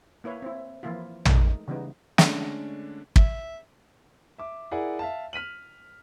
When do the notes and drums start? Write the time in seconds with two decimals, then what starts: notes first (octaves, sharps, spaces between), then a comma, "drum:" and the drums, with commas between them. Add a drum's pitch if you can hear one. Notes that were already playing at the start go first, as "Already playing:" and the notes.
0.24 A#3 E4 B4 C#5
0.42 C4 E4
0.83 E3 F3 A#3 E4 F4
1.25 G#3 A3 D#4 A#4, drum: tom
1.68 C#3 E3 G3 B3 D#4
2.18 D3 G#3 A3 C#4 D4, drum: snare
3.16 E5, drum: kick
4.38 E5 D6
4.71 E4 G#4 A#4 D5 F#5
4.99 E5 F5 A5
5.33 F6 B6 D#7 F#7